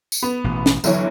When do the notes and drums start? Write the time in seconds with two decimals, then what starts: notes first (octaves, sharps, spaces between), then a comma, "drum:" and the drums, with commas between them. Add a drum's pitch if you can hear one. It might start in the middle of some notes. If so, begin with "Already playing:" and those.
0.12 drum: tambourine
0.23 B3
0.44 A1 B2
0.66 drum: snare C#4
0.84 G1 E3 F#3 C#5, drum: tambourine